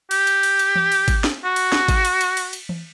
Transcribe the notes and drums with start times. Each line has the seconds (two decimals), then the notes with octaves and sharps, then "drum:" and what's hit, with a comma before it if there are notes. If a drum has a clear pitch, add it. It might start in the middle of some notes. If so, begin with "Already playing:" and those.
0.11 G4, drum: cymbal
0.27 drum: cymbal
0.43 drum: cymbal
0.59 drum: cymbal
0.75 drum: tom E3
0.92 drum: cymbal
1.08 drum: kick G#1, cymbal
1.24 drum: snare
1.45 F#4
1.56 drum: cymbal
1.72 drum: snare
1.88 drum: kick G#1, cymbal
2.05 drum: cymbal
2.21 drum: cymbal
2.37 drum: cymbal
2.53 drum: cymbal
2.69 drum: tom E3